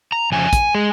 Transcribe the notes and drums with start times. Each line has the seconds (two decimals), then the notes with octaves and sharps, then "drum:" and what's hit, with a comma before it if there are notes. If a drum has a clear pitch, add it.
0.12 A#5
0.32 F2 C#3 F3 G#5
0.53 drum: kick, hi-hat
0.75 G#3